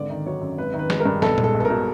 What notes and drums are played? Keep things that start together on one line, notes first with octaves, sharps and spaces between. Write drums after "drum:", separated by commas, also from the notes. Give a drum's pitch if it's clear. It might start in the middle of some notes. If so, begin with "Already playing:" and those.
Already playing: G#1 D3 D5
D#3
F#3 C#5
F#2
G#1 B4
D#3
B4
G#3, drum: snare
A#4
G2
B1 A4, drum: snare
G#3, drum: tom A#2
A4
B1
A4
A#4
B2